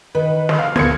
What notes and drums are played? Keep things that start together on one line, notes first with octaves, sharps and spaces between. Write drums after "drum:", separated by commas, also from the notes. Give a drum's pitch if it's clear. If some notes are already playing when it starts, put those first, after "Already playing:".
D#3 B4
drum: snare
F5
D1 B3 A4 A#4 G#6 C#7, drum: snare